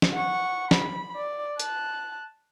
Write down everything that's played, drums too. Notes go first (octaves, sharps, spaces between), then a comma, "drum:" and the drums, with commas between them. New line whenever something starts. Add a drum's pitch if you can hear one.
drum: snare
F#5 C#6
B5, drum: snare
D5
A5 F#6, drum: hi-hat